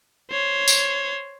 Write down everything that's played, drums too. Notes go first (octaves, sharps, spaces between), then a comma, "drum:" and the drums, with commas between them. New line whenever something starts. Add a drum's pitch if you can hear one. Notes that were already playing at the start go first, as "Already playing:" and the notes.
C5 C#5
drum: tambourine